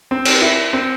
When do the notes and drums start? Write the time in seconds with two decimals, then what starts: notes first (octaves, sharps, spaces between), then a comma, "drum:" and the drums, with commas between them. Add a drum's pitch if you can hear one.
0.11 C4
0.25 drum: cymbal
0.42 E4
0.73 C4